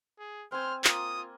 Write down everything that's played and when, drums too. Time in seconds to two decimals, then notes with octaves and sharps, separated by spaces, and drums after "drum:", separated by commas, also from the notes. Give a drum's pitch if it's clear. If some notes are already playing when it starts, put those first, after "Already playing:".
0.19 G#4
0.52 C4 C5 G#5 F6
0.84 A#3 F4 D#6, drum: clap